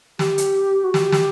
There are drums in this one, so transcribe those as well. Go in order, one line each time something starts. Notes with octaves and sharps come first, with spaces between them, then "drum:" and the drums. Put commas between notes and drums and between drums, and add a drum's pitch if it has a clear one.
G4, drum: snare
drum: hi-hat
F#4
G4, drum: snare
drum: snare